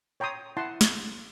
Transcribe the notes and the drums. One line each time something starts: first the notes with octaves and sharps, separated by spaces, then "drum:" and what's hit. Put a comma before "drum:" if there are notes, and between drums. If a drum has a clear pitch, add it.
C#5 G5 A#5 C6 D#6
E4 F#5 A5 C6
drum: snare